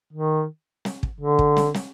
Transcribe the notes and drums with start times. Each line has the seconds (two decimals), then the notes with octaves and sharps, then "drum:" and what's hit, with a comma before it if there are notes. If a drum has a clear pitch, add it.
0.13 D#3
0.85 drum: snare
1.03 drum: kick
1.21 D3
1.39 drum: kick
1.57 drum: snare
1.74 drum: snare